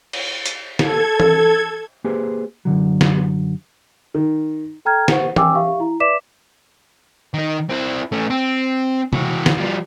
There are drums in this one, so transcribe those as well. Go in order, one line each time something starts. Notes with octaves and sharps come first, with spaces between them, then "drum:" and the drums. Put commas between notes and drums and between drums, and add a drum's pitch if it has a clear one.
drum: cymbal
drum: hi-hat
A4 G#6, drum: snare
drum: tom
A#3 G4 G#4 B4 C5
F#2 B2 D3 F#3
drum: snare
D#3
A4 G5 A#5 F6 G#6
B4 C5 F#5 C#6, drum: snare
G5 G#5 D6 E6, drum: tom
G4 E5 F5 C#6
E4 A#5
B4 D5 E5 D6 B6 E7
D#3 D#4
C4 E4
A3 C#4
C4
E3 F#4, drum: tom
drum: snare
F3 G3